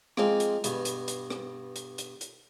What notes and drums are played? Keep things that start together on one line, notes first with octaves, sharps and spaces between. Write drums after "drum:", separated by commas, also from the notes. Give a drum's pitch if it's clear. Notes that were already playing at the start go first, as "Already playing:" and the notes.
F3 G#3 A#3 C4, drum: rim click
drum: hi-hat
G2 B2, drum: hi-hat
drum: hi-hat
drum: hi-hat
drum: rim click
drum: hi-hat
drum: hi-hat
drum: hi-hat